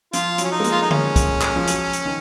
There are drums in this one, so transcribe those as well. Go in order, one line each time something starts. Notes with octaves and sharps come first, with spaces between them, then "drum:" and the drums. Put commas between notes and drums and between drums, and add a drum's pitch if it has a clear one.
F3 F4, drum: hi-hat
F#3, drum: hi-hat
C#4
D#4
G#3
A#3, drum: hi-hat
F4
D#4
C#4, drum: tom
drum: kick, hi-hat
drum: clap
F3
F#3, drum: hi-hat
drum: hi-hat
D#3